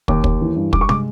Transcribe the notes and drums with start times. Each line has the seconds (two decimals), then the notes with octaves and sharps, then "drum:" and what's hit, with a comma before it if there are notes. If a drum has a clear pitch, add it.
0.08 D#2 D6, drum: kick
0.24 D#2, drum: kick
0.41 E3
0.56 G2
0.73 G2 D6, drum: kick
0.81 C#6
0.89 G#3 D6, drum: tom